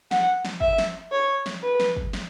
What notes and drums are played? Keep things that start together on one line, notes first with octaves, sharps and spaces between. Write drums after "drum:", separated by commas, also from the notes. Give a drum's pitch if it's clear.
F#5, drum: snare
drum: snare
E5, drum: kick
drum: snare
C#5
drum: snare
B4
drum: snare
drum: kick
drum: snare